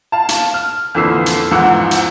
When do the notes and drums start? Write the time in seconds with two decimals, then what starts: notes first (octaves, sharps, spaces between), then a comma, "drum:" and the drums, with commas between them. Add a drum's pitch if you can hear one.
0.12 F5 A5
0.29 drum: hi-hat
0.54 F6
0.95 F2 A#2 D3 E3 E6 C7
1.26 drum: hi-hat
1.51 E2 G#2 E3 F3 F#5 E6
1.91 drum: hi-hat